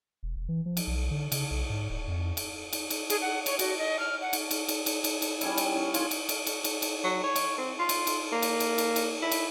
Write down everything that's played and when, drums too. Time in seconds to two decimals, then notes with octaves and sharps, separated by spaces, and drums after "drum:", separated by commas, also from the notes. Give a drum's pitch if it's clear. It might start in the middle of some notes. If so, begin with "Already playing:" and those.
0.23 E1
0.36 E1
0.49 E3
0.66 F3
0.77 drum: cymbal
0.87 B1
1.11 D3
1.32 C#3, drum: cymbal
1.51 B1
1.70 G#2
1.90 D1
2.08 F2
2.37 drum: cymbal
2.73 drum: cymbal
2.90 drum: cymbal
3.10 G#4, drum: cymbal
3.22 F#5
3.46 C#5, drum: cymbal
3.59 F#4, drum: cymbal
3.78 D#5
3.99 F6
4.21 F#5
4.33 drum: cymbal
4.51 drum: cymbal
4.68 drum: cymbal
4.86 drum: cymbal
5.04 drum: cymbal
5.22 drum: cymbal
5.41 G3 C#4 E4, drum: cymbal
5.58 drum: cymbal
5.75 C#4
5.94 F4 C#5, drum: cymbal
6.11 drum: cymbal
6.29 drum: cymbal
6.47 drum: cymbal
6.64 drum: cymbal
6.82 drum: cymbal
7.04 F#3
7.24 C#5
7.36 drum: cymbal
7.58 C4
7.79 F4
7.89 drum: cymbal
8.07 drum: cymbal
8.32 A#3
8.42 drum: cymbal
8.60 drum: cymbal
8.78 drum: cymbal
8.96 drum: cymbal
9.22 E4
9.31 drum: cymbal